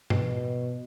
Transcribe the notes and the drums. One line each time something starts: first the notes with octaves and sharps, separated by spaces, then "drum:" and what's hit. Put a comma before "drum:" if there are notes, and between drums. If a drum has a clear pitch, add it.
B2, drum: tom G2